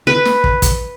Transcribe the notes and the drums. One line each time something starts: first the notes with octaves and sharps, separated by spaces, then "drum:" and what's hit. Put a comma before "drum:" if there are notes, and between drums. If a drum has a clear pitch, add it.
B4
drum: snare
drum: kick
drum: kick, hi-hat